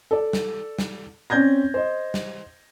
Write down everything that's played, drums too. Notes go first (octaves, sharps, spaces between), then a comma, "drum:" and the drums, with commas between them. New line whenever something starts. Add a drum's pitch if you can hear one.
A4 D5
drum: snare
drum: snare
C4 C#4 D5 G6 G#6 A#6
C5 D#5
drum: snare